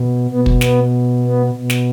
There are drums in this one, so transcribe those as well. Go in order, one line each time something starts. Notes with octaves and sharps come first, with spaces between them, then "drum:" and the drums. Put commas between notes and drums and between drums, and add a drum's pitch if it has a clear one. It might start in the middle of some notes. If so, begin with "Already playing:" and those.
Already playing: B2
B2 B3
drum: kick
B3, drum: snare
B3
B2
drum: snare